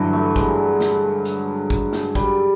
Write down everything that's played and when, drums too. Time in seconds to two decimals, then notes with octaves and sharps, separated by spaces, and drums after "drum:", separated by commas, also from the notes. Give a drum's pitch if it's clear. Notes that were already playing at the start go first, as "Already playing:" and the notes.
Already playing: G2 D3 E3 F#3
0.13 A3
0.36 G#3, drum: kick G#1, hi-hat
0.80 drum: snare
1.25 drum: hi-hat
1.70 drum: kick G#1
1.93 drum: snare
2.15 G3, drum: kick G#1, hi-hat